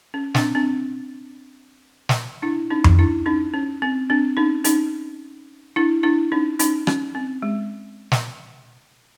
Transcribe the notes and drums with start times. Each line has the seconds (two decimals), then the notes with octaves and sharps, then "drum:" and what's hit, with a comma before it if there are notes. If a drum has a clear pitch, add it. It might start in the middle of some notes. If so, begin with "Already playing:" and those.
0.14 C#4
0.35 C4 D4, drum: snare
0.55 C4 D4
2.09 drum: snare
2.42 D4 E4
2.70 C#4 D#4
2.84 drum: tom F2
2.99 D4 E4
3.26 C#4 D#4
3.54 C#4
3.82 C4
4.10 C4 D4
4.37 C#4 D#4
4.64 C#4 D#4, drum: hi-hat
5.76 D4 E4
6.03 D4 E4
6.32 C#4 D#4
6.59 C#4 D#4, drum: hi-hat
6.87 C#4, drum: rim click
7.15 C4
7.42 G#3
8.12 drum: snare